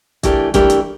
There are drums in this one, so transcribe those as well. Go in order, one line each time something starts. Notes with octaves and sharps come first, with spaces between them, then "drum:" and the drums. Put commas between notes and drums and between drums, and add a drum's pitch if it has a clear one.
E3 A3 D4 G4 A#4, drum: kick, hi-hat
E3 A3 D4 G4 A#4, drum: kick, hi-hat
drum: hi-hat